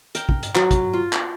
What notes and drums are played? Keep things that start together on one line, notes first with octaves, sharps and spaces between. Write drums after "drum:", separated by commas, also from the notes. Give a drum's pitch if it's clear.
A#4 G5, drum: hi-hat
drum: kick
drum: hi-hat
F#3, drum: clap
drum: kick, hi-hat
F4
drum: clap